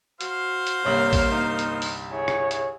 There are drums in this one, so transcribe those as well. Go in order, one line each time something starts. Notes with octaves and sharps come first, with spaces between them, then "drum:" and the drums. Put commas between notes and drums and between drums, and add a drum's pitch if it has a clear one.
F#4 C5 F5, drum: hi-hat
drum: hi-hat
G1 C2 A#3 C#5 F#7
drum: kick A1, open hi-hat
D#4
drum: hi-hat
drum: open hi-hat
E4 G#4 C#5
drum: rim click
drum: hi-hat